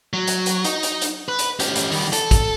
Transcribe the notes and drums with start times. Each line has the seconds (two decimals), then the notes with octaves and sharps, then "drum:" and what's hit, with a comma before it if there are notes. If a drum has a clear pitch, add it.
0.13 F#3
0.27 drum: hi-hat
0.46 drum: hi-hat
0.64 D#4, drum: hi-hat
0.83 drum: hi-hat
1.01 drum: hi-hat
1.29 B4
1.39 drum: hi-hat
1.60 C#4 G4, drum: hi-hat
1.76 drum: hi-hat
1.91 D#3 G3, drum: open hi-hat
2.13 A4, drum: hi-hat
2.31 drum: kick, hi-hat